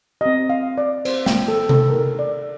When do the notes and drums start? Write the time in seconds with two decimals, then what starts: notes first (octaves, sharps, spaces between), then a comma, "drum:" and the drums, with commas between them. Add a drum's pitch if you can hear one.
0.21 C4 G4 D#5
0.49 F5
0.78 D5
1.05 C4 G4 C5, drum: cymbal
1.26 G5, drum: snare
1.48 A4
1.69 A4, drum: tom C3
1.90 A3 D#4 G4 A#4
2.19 D5